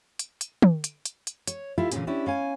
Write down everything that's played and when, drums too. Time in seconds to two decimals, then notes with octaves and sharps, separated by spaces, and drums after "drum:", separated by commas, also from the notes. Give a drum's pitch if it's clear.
0.19 drum: hi-hat
0.41 drum: hi-hat
0.62 drum: tom
0.84 drum: hi-hat
1.05 drum: hi-hat
1.27 drum: hi-hat
1.47 C#5, drum: hi-hat
1.78 E4 F4 G4 A4 E5 F5
1.92 A#2 D3 E3 G#3 C#4 G#4, drum: hi-hat
2.07 C#4 D4 E4 G4
2.27 C#4 F5 G#5